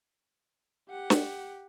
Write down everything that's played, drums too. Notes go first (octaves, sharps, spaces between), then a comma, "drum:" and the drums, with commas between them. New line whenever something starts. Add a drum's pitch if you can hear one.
G4 F#5
drum: snare